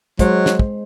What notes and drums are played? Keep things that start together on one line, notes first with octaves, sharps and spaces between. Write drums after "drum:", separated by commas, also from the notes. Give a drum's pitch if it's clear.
F#3 G#3 C5, drum: kick, hi-hat
drum: snare
drum: kick